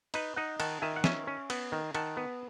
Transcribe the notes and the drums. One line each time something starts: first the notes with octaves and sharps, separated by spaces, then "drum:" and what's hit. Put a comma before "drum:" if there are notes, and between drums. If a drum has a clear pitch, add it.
D#4 B4 D#5, drum: cymbal
D#4 D#5 F#5
D#3 F#5 A5, drum: cymbal
D#3 E5 G#5
F#5
C#4 E5 G#5, drum: snare
C#4
B3, drum: cymbal
D#3
D#3 F#5 A5, drum: cymbal
B3